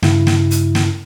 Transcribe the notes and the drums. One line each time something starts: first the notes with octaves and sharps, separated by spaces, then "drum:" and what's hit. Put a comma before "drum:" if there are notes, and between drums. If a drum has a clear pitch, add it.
G2 C#3 E4, drum: snare
drum: snare
drum: hi-hat
drum: snare